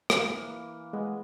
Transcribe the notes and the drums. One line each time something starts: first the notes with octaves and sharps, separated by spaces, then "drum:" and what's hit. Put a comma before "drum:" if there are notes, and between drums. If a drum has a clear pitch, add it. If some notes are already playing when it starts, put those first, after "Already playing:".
E3 A#3 B4, drum: rim click
G#3 B3